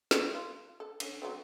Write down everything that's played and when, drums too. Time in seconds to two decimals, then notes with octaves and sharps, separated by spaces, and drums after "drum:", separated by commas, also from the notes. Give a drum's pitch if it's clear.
0.11 E4, drum: snare
0.35 F4
0.80 A4
1.00 D3 C#4, drum: cymbal
1.22 F#3 A3 C4